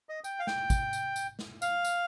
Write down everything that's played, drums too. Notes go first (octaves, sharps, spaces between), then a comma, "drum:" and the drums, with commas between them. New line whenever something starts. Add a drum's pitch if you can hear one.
D#5
G5, drum: tambourine
F5
G5, drum: snare
drum: kick, tambourine
drum: tambourine
drum: tambourine
drum: snare
F5, drum: tambourine
drum: tambourine